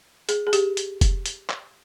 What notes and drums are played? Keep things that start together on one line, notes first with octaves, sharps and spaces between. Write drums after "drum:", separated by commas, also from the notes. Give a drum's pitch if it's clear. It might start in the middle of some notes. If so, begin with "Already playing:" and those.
G#4, drum: hi-hat
G#4
G4, drum: hi-hat
drum: hi-hat
drum: kick F1, hi-hat
drum: hi-hat
drum: clap